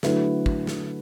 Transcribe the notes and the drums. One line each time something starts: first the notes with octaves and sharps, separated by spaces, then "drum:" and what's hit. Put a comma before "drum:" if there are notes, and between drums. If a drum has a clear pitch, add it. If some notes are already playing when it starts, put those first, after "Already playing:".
D3 F#3 A3 E4 B4, drum: snare
drum: kick
drum: snare